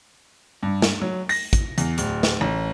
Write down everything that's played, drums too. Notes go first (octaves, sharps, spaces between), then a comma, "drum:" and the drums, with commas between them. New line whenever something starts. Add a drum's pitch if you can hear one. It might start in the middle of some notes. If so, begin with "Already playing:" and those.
G2
drum: snare
F#3
A#6, drum: open hi-hat
drum: kick, hi-hat
E2, drum: hi-hat
D1, drum: hi-hat
drum: snare
A1